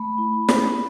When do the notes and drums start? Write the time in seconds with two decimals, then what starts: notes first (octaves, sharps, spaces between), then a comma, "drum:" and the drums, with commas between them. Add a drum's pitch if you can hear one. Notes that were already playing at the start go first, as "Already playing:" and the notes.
Already playing: A3 B5
0.18 E4
0.49 C#4, drum: snare